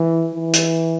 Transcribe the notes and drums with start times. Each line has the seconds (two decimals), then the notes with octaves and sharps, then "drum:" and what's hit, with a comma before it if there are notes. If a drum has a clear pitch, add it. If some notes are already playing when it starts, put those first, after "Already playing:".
Already playing: E3
0.34 E3
0.53 drum: hi-hat